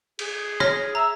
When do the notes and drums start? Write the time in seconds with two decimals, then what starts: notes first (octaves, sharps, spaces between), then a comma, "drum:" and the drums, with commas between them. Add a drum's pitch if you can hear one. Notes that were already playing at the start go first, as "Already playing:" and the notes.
0.19 G#4, drum: cymbal
0.60 C#5 F6 A#6, drum: rim click
0.95 E5 A#5